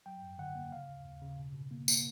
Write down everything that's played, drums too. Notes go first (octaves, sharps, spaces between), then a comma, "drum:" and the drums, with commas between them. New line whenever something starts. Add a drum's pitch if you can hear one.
F#3 G5
F#2
D3 F#5
A#3
C#3 F5
D#2
D#2
C#3
B2
B2
A#3
A#3, drum: tambourine